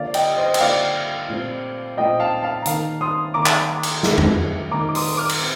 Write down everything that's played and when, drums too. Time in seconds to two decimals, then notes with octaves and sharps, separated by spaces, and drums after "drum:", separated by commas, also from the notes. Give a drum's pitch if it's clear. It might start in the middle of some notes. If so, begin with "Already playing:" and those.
Already playing: D3 F3 A#3 D5 F5
0.14 D#5 G5, drum: cymbal
0.36 C5 D#5
0.54 G5, drum: cymbal
0.60 D3 F3 A#3 D5 F5
1.28 A#2 F3 A3 C4
1.97 A#2 F3 A3 C4 D#5 G5
2.20 F5 A5
2.43 F5 A5
2.62 A#5
2.66 D#3 A#3 F5 A5, drum: hi-hat
3.01 C6 D#6
3.34 D#3 A#3 A#5 D6
3.46 drum: clap
3.83 drum: cymbal
4.03 D#3 A#3, drum: snare
4.18 drum: tom
4.71 D#3 A#3 A#5 D6
4.89 D6
4.95 C6 D#6, drum: open hi-hat
5.17 D6 F6
5.29 drum: cymbal
5.40 C4